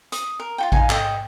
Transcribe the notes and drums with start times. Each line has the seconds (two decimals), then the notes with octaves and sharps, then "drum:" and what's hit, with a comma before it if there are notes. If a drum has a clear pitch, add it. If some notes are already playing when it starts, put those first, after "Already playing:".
0.12 D#6, drum: hi-hat
0.40 A#4
0.58 F4 F#4 G5
0.72 D#4 F5 G#5, drum: kick A1
0.90 A4 D#5 G5, drum: clap